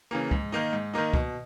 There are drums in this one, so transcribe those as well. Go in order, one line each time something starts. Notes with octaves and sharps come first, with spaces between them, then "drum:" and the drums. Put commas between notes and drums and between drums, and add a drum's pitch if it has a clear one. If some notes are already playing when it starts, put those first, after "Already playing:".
C#3 E3 A#3
G#2, drum: kick
D#3 A#3 D#4
G#2
D#3 A#3 D#4
B2, drum: kick